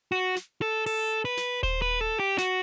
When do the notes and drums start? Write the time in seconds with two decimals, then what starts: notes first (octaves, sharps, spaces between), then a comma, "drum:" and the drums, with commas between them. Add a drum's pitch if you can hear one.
0.12 F#4
0.36 drum: snare
0.62 A4
0.86 A4, drum: open hi-hat
1.25 B4
1.37 drum: snare
1.63 C5, drum: kick D#1
1.82 B4
2.01 A4
2.20 G4
2.38 F#4, drum: snare